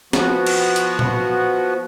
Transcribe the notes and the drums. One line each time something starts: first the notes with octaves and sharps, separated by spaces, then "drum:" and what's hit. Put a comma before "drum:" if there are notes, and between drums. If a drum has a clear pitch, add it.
F3 B3 F#4, drum: snare
drum: cymbal
drum: hi-hat
drum: tom A#2